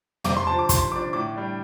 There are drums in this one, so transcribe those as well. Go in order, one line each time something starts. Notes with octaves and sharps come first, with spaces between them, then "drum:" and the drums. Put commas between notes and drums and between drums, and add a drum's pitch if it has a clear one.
C3 D6, drum: tom
C6
F3 D4 A5
D6
C3 C6, drum: kick, hi-hat
F3 D4 D6
A2 D6
G3 D4